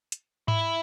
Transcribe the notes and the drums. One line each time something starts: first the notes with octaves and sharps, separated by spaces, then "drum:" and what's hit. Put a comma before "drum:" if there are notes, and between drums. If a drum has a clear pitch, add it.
drum: hi-hat
E4, drum: tom G#2